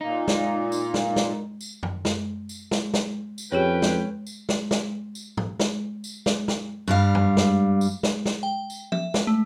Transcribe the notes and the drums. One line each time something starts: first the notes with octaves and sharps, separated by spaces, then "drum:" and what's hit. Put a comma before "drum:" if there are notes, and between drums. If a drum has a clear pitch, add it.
A#2 A#3 D#4
drum: snare
drum: tambourine
drum: snare
drum: snare
drum: tambourine
drum: tom F#2
drum: snare
drum: tambourine
drum: snare
drum: snare
drum: tambourine
F2 C#4 G4 G#4 B4 C#5 G5
drum: snare
drum: tambourine
drum: snare
drum: snare
drum: tambourine
drum: tom G#2
drum: snare
drum: tambourine
drum: snare
drum: snare
G2 G3 F5
drum: tom F#2
drum: snare
drum: tambourine
drum: snare
drum: snare
G5
drum: tambourine
E5, drum: tom F3
drum: snare
A3